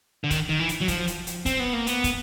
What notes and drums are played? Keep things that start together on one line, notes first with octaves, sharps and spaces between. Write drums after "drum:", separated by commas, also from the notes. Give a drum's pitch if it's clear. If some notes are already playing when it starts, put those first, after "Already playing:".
D3
D#3, drum: kick, hi-hat
D#3
E3
drum: hi-hat
F#3
F3, drum: kick, hi-hat
drum: hi-hat
drum: hi-hat
C4, drum: kick, hi-hat
B3
A#3
B3, drum: hi-hat
drum: kick, hi-hat